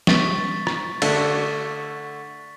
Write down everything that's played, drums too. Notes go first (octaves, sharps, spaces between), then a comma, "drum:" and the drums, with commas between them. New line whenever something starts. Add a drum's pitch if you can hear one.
C#6 A6 B6, drum: snare
drum: rim click
D3 A3 D4 A6 B6, drum: cymbal